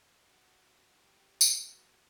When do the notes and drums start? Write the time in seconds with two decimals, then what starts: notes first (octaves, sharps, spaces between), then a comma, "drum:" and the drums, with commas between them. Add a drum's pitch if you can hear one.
0.26 F#4
0.95 G4
1.41 drum: tambourine
1.65 F#4